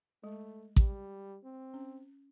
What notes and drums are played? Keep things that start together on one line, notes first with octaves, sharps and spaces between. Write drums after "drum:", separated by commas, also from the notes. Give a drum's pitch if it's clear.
G#3 A3
G3, drum: kick A1
C4
C#4